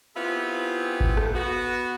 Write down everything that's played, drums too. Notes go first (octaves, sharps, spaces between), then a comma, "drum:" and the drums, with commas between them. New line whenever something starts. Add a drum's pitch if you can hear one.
B3 C4 E4 F4 G4 G#4
drum: kick G#1
drum: rim click
B3 F#4